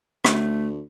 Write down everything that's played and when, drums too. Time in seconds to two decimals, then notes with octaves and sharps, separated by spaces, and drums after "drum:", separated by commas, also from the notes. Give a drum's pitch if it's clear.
0.24 D2 A3, drum: rim click